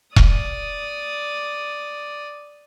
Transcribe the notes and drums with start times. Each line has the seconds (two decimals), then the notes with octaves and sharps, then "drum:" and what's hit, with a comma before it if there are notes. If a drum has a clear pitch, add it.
0.16 D5 D#6, drum: kick E1